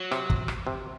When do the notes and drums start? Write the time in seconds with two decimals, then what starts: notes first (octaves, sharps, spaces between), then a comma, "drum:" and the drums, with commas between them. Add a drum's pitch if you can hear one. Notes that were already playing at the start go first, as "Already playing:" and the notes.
Already playing: F#3
0.12 C3, drum: rim click
0.30 drum: kick
0.48 drum: rim click
0.67 C3